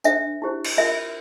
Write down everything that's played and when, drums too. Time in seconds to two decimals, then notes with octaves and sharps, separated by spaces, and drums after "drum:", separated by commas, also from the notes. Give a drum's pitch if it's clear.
0.04 D4 A4 C5 E5, drum: tambourine
0.42 E4 G4 C5
0.65 drum: cymbal
0.77 F4 A#4 E5